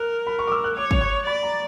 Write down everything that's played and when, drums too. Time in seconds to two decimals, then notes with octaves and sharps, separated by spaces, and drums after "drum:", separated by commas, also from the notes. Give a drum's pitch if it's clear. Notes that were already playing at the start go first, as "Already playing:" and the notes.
Already playing: A#4 F#6
0.27 B5
0.39 C#6
0.47 D6
0.52 E6
0.64 F#6
0.76 C#5 D6
0.91 drum: kick
1.01 C#6
1.26 D5 B5
1.43 A#5